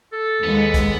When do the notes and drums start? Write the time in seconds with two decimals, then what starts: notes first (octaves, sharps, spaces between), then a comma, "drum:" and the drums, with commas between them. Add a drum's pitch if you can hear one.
0.13 A4
0.43 D#2 G#3 B3
0.74 drum: kick, hi-hat